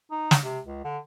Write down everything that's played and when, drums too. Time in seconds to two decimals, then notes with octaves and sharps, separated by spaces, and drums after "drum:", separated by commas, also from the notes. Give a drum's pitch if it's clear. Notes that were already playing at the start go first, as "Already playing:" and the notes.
0.11 D#4
0.31 drum: snare
0.44 C3
0.66 C#2
0.84 D3